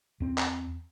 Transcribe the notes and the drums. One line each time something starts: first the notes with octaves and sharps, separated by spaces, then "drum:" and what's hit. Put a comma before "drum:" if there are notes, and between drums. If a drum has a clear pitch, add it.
E2 C4
drum: clap